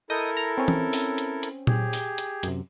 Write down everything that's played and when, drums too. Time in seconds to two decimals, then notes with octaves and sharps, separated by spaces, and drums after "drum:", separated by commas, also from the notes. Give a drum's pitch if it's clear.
0.10 E4 A4 A#4 D#5 D#6 G6
0.37 A#5
0.58 C4 C#4
0.68 drum: tom E3
0.93 drum: open hi-hat
1.18 drum: hi-hat
1.43 drum: hi-hat
1.67 G4 G#4, drum: tom A#2
1.93 drum: open hi-hat
2.18 drum: hi-hat
2.43 F#2 C3, drum: hi-hat